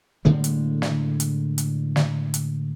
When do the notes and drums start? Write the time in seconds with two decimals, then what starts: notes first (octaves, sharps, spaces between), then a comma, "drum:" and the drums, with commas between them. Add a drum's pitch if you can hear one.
0.25 A2 D3 G3 G#3
0.44 drum: hi-hat
0.82 drum: snare
1.20 drum: hi-hat
1.58 drum: hi-hat
1.96 drum: snare
2.34 drum: hi-hat